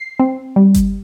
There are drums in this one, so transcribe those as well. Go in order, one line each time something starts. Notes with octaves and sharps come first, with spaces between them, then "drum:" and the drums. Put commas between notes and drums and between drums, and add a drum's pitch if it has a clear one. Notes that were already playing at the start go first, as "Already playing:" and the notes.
Already playing: C7
C4
G3
drum: kick G1, hi-hat